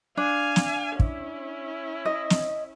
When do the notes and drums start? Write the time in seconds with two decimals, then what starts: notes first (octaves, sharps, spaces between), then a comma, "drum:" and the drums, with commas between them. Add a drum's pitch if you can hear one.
0.17 D4 F5 G#5
0.56 drum: snare
1.00 C#4 E4, drum: kick
2.05 D#5
2.30 drum: snare